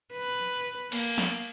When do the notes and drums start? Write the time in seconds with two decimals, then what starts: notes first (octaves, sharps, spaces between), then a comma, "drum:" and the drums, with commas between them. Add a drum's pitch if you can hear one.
0.13 B4
0.92 A#3, drum: cymbal
1.18 drum: snare